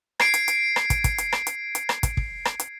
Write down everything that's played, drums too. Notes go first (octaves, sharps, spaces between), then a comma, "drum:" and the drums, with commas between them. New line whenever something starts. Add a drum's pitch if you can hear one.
G#6 C7 D7, drum: rim click
drum: hi-hat
drum: hi-hat
drum: rim click
drum: kick, hi-hat
drum: kick, hi-hat
drum: hi-hat
drum: rim click
drum: hi-hat
drum: hi-hat
drum: rim click
drum: kick, hi-hat
drum: kick
drum: rim click
drum: hi-hat